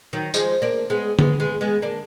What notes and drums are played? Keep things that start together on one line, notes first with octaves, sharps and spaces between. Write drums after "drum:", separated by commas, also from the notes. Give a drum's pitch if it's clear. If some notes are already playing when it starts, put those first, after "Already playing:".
D#3 F#3
F3 G#3, drum: tambourine
A#3 D4
G#3 B3
G#3 B3, drum: tom D3
G#3 B3
G#3 B3
A#3 D4